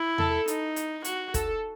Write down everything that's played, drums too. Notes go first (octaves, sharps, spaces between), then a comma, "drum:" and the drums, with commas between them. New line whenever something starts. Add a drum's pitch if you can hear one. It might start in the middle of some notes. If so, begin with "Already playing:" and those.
Already playing: E4
A4, drum: tom E2
D#4, drum: hi-hat
drum: hi-hat
F#4, drum: hi-hat
A4, drum: kick, hi-hat